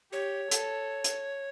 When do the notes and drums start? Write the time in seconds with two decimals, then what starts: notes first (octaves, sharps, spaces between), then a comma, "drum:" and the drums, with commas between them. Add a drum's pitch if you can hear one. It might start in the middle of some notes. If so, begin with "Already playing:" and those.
0.12 G4 C#5
0.51 A4, drum: hi-hat
1.04 drum: hi-hat